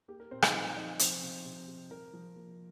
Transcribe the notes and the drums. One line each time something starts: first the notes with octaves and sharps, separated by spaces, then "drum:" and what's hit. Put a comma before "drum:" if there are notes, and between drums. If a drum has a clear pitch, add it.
A#3 G4
A#4
A#2 C4 C5
D#4 D#5, drum: rim click
F3 F4 F5
F3 D#4 D#5
C3 C4 C5, drum: hi-hat
C3
C3
C3
F3 A#4
F3
A#3